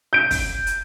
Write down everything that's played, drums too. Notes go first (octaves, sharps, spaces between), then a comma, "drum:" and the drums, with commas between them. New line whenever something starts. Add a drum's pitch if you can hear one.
G6 D7
drum: kick, open hi-hat
drum: hi-hat